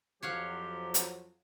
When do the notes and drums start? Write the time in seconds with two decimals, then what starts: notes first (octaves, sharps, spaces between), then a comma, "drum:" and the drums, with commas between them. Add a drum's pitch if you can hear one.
0.23 F2 F3 F#3 G4 C#5 F5 F#5
0.94 drum: hi-hat